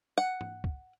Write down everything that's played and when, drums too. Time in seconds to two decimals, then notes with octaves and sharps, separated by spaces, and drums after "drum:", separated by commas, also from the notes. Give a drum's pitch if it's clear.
0.18 F#5
0.41 drum: tom G#2
0.64 drum: kick